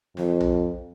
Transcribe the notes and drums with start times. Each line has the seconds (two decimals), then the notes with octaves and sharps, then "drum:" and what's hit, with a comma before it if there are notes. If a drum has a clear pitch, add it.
0.17 F2, drum: snare
0.40 drum: tom B1